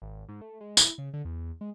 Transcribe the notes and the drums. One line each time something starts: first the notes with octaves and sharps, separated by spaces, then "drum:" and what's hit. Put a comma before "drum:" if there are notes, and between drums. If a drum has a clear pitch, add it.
G#1
G#2
A3
G#3
E4, drum: tambourine
C#3
D3
E2
G#3